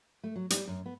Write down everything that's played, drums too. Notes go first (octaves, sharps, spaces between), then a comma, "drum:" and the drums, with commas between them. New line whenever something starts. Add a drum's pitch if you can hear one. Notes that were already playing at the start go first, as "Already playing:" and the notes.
A3
F#3
G3, drum: hi-hat
F#2
B3